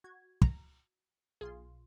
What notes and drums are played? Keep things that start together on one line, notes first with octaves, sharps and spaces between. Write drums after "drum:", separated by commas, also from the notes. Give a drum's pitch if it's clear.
F#4 G#6
A#5, drum: kick
B1 F4 G#4 C6